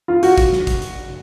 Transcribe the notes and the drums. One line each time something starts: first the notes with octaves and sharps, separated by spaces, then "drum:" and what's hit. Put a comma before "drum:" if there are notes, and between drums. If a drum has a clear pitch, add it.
F4
F#4, drum: hi-hat
drum: kick, hi-hat
drum: snare
drum: kick, hi-hat
drum: hi-hat